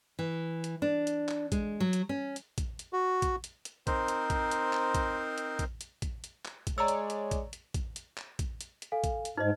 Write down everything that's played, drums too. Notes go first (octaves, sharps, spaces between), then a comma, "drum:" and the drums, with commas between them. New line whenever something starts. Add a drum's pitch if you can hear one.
E3
drum: hi-hat
D4
drum: hi-hat
drum: clap
G#3, drum: kick, hi-hat
F#3
drum: hi-hat
C#4
drum: hi-hat
drum: kick, hi-hat
drum: hi-hat
F#4
drum: kick, hi-hat
drum: hi-hat
drum: hi-hat
C4 D#4 A#4 C5, drum: kick, hi-hat
drum: hi-hat
drum: kick, hi-hat
drum: hi-hat
drum: clap
drum: kick, hi-hat
drum: hi-hat
drum: kick, hi-hat
drum: hi-hat
drum: kick, hi-hat
drum: hi-hat
drum: clap
drum: kick, hi-hat
G#3 C#5 D5 A#5 E6
drum: hi-hat
drum: hi-hat
drum: kick, hi-hat
drum: hi-hat
drum: kick, hi-hat
drum: hi-hat
drum: clap
drum: kick, hi-hat
drum: hi-hat
drum: hi-hat
A4 F5 G#5
drum: kick, hi-hat
drum: hi-hat
G#2 D#4 C5 D#5 F6